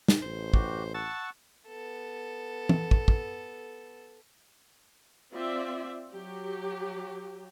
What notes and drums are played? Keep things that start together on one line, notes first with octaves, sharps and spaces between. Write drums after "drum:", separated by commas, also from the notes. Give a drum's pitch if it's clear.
drum: snare
A1 C5
F#4 G4, drum: kick
F#5 A5 C#6 E6
B3 A4
drum: tom
drum: kick
drum: kick
C4 F4 D5 E5
F#3 G4